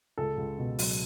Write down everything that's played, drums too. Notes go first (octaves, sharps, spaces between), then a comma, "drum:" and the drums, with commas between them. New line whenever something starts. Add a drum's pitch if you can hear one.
C#2 A4
C#2
B2
F#3, drum: open hi-hat